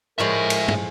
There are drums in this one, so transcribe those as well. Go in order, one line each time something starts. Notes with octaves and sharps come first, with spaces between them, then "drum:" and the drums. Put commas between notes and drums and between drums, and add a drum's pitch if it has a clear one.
A2 F3 G#3 A#4 C#5 E5
drum: cymbal
drum: tom